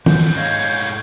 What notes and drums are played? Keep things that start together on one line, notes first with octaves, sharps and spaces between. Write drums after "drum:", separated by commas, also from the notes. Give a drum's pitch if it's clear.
G#2 D3 A3 G6, drum: tom
G#2 A3 C#5 D#5 F5